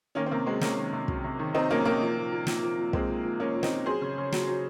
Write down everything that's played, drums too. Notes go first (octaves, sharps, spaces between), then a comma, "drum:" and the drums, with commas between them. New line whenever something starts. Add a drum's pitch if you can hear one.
D#3 A#3 C#4
C4
C3 A#3
F#3 G#3 C4
C3 A#3 C#4, drum: snare
D#3
C3
F#3, drum: kick
C3
D#3
C3 C4 D#4
F#3 A#3 C#4
C3 A#3
F3
A#2
A#2
F3, drum: snare
F3
A#2
A#2 G#3 C4, drum: kick
F3
F3
A#2 A#3 C#4
A#2
C4 D#4, drum: snare
F3
F#3 G#4 C5
C#3
C#3
F#3, drum: snare
F#3